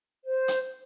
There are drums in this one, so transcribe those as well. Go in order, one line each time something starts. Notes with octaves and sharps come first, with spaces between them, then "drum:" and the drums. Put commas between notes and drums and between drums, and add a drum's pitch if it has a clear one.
C5
drum: hi-hat